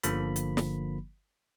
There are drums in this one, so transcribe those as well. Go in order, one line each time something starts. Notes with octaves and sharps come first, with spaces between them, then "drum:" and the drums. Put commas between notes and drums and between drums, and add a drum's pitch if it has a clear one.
G1 D3 F3 A#3 B5, drum: hi-hat
drum: hi-hat
drum: snare